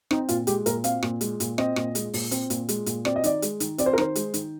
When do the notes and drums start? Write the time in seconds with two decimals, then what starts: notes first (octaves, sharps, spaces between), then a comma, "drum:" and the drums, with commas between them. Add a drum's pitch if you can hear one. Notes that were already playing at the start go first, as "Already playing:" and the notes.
0.11 C4 D#4, drum: rim click
0.29 A#2 F4, drum: hi-hat
0.47 G#3 G4, drum: hi-hat
0.66 A#2 A#4, drum: hi-hat
0.84 C4 F5, drum: hi-hat
1.03 A#2, drum: rim click
1.21 G#3, drum: hi-hat
1.40 A#2, drum: hi-hat
1.58 C4 D#5, drum: rim click
1.76 A#2, drum: rim click
1.95 G#3, drum: hi-hat
2.13 A#2, drum: open hi-hat
2.31 C4, drum: hi-hat
2.50 A#2, drum: hi-hat
2.69 G#3, drum: hi-hat
2.86 A#2, drum: hi-hat
3.05 C4 D5, drum: rim click
3.16 D#5
3.24 D#3 D5, drum: hi-hat
3.42 G#3, drum: hi-hat
3.60 D#3, drum: hi-hat
3.78 C4 D5, drum: hi-hat
3.86 C5
3.93 A#4
3.98 D#3 C5, drum: rim click
4.15 G#3, drum: hi-hat
4.34 D#3, drum: hi-hat